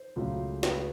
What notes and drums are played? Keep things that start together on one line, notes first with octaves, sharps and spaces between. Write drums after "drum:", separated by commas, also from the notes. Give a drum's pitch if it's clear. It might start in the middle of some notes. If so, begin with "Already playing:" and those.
Already playing: C5
C#2 C#3 F#3 A3
B4, drum: snare